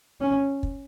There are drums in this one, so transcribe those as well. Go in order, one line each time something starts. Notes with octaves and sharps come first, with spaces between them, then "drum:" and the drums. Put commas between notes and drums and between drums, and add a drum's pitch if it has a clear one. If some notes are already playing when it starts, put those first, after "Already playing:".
C#4
drum: kick